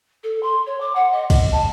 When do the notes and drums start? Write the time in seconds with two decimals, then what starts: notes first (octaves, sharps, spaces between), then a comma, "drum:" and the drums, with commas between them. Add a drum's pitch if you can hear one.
0.24 A4
0.43 C6
0.66 C#5
0.80 D6
0.95 F#5
1.12 D#5
1.30 D#5, drum: kick, cymbal
1.52 A5